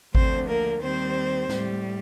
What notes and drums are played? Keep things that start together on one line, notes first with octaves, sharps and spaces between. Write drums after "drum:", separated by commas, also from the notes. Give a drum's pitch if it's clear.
D2 D3 F3 C4 C5, drum: kick G#1
A#3 A#4
D#2 D#3 G3 C4 C5
A2 G3, drum: snare